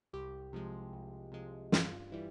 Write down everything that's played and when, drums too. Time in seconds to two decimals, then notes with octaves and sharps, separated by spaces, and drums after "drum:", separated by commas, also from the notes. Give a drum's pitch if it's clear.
0.13 C2 G4
0.53 C3 F3 G#3
0.93 C2
1.32 C3 F3 G#3
1.72 G2 F4, drum: snare
2.12 E3 G3 E4